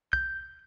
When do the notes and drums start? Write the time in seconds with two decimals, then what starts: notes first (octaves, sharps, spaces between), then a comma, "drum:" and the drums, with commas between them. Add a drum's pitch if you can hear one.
0.13 G6, drum: kick